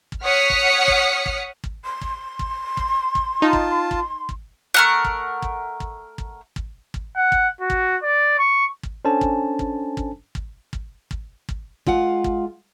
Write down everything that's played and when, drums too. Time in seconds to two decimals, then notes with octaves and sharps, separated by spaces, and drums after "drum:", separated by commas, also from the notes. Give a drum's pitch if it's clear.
0.12 drum: kick
0.24 C#5 F#5 D#6 F6 B6 C#7
0.50 drum: kick
0.88 drum: kick
1.26 drum: kick
1.64 drum: kick
1.83 C6
2.02 drum: kick
2.39 drum: kick
2.77 drum: kick
3.15 drum: kick
3.42 D#4 F4 A5
3.53 drum: kick
3.91 drum: kick
4.29 drum: kick
4.74 A3 A#4 F#5
5.05 drum: kick
5.43 drum: kick
5.80 drum: kick
6.18 drum: kick
6.56 drum: kick
6.94 drum: kick
7.17 F#5
7.32 drum: kick
7.61 F#4
7.70 drum: kick
8.03 D5
8.38 C#6
8.83 drum: kick
9.05 C#4 D4 A4 C5 G#5 A5
9.21 drum: kick
9.59 drum: kick
9.97 drum: kick
10.35 drum: kick
10.73 drum: kick
11.11 drum: kick
11.49 drum: kick
11.87 G#3 F4 F5 F#5, drum: kick
12.24 drum: kick